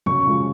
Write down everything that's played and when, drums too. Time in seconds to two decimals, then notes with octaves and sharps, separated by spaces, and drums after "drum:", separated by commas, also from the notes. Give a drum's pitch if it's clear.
0.06 F#2 C#6, drum: tom
0.25 C#3 F3 G#3